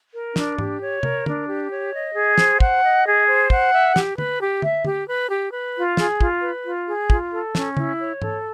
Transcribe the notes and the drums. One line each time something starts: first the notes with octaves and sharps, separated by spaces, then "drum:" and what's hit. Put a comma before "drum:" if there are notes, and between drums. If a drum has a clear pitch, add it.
A#4
D4, drum: snare
G4, drum: tom G#2
C#5
A#4, drum: tom C3
D4, drum: tom
G4
C#5
D#5
G#4
C5, drum: snare
F#5, drum: kick
D#5
G#4
C5
F#5, drum: kick
E5
G4, drum: snare
B4, drum: tom
G4
E5, drum: tom
G4, drum: tom
B4
G4
B4
F4
G#4, drum: snare
F4, drum: kick
B4
F4
G#4
F4, drum: kick
A4
C#4, drum: snare
E4, drum: tom C#3
C#5
A4, drum: tom G#2